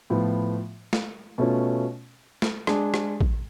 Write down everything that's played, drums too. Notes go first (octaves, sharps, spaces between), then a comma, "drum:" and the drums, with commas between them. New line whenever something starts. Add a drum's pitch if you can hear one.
A2 F3 B3 F4
drum: snare
B2 A3 C#4 F4
drum: snare
G#3 D4 G#4, drum: rim click
drum: rim click
drum: kick A1